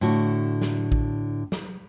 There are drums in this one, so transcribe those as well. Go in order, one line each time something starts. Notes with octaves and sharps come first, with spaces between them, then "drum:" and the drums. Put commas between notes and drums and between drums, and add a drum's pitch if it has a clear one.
A2 D3 F#4
drum: snare
drum: kick A1
drum: snare